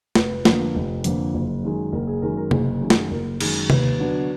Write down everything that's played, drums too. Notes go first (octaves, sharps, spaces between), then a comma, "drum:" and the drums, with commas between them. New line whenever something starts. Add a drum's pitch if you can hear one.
F1 B4, drum: snare
F2 D3 F3 A#3, drum: snare
F1
F2 D3 F3 A#3, drum: hi-hat
F#1
F#2 D#3 G#3
F#1 A#4
G#4
F#2 D#3 G#3 A#4
A#4
F#1 G#4, drum: tom C3
F#2 D#3 G#3
drum: snare
F#1 A#4
F#2 D#3 G#3, drum: cymbal
D#2 B4, drum: tom C3
D3 F#3 B3 D4